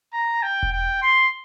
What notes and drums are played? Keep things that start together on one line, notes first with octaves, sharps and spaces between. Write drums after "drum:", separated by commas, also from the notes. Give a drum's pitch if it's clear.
A#5
G5
drum: kick E1
G5
C6